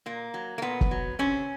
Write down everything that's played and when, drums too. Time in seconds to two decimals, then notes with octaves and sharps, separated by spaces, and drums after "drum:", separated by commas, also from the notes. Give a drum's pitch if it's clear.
0.06 A#2 A#3
0.34 F#3
0.58 A#3
0.62 A#2 B3
0.81 drum: kick
0.91 F#3
1.19 C3 C#4